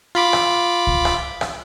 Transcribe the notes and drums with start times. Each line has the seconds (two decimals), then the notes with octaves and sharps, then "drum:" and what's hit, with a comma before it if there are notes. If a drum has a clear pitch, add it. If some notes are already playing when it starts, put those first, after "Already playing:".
0.15 F4 B5 D6
0.33 drum: rim click
0.87 drum: kick C#2
1.05 drum: rim click
1.41 drum: rim click